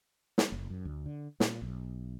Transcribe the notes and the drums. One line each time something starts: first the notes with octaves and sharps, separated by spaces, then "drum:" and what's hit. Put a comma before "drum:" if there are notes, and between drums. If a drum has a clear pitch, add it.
drum: snare
F#1
F#2
D2
D3
A#2, drum: snare
B1